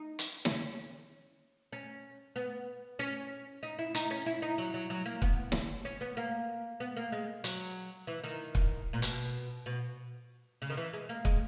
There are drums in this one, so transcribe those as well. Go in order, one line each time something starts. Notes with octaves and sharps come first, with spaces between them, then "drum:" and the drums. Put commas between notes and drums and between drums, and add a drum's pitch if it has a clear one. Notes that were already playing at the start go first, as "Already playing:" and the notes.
Already playing: D#4
drum: hi-hat
C#4, drum: snare
C#4
B3
C#4
D#4
E4
D#4, drum: hi-hat
C#4
E4
D#4
F#3
F#3
F#3
A#3
B3, drum: kick
drum: snare
C#4
B3
A#3
B3
A#3
G#3
F#3, drum: hi-hat
E3
D#3
drum: kick
A#2
B2, drum: hi-hat
B2
C#3
D#3
E3
G#3
A#3
G#3, drum: kick